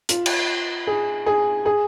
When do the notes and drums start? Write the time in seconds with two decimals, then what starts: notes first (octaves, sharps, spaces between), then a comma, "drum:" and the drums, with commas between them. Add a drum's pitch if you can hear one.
0.09 F4, drum: hi-hat
0.26 drum: cymbal
0.87 G#4
1.26 G#4
1.66 G#4